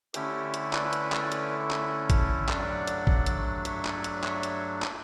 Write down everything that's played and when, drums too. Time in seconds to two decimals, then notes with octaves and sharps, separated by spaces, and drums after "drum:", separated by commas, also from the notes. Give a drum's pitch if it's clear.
0.14 D3 A3 C#4 E4 G4, drum: hi-hat
0.54 drum: hi-hat
0.73 B4 D5, drum: clap
0.93 drum: hi-hat
1.12 drum: clap
1.32 drum: hi-hat
1.71 drum: clap
2.10 drum: kick, hi-hat
2.49 G2 F#3 A3 D4 D5 F#5, drum: clap
2.87 drum: hi-hat
3.07 drum: kick
3.26 drum: hi-hat
3.65 C#5 E5, drum: hi-hat
3.85 drum: clap
4.04 drum: hi-hat
4.24 C#5 E5, drum: clap
4.43 drum: hi-hat
4.82 drum: clap